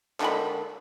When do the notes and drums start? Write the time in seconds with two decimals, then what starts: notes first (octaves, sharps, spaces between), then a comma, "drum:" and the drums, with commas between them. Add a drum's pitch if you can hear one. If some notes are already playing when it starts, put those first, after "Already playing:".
0.20 D3 D#3 G#3 B5, drum: clap